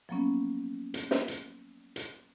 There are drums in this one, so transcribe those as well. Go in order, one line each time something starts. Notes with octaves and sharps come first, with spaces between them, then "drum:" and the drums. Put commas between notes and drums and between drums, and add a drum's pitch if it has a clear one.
F3 F#3 A#3 B3 C#4
drum: hi-hat
drum: snare
drum: hi-hat
drum: hi-hat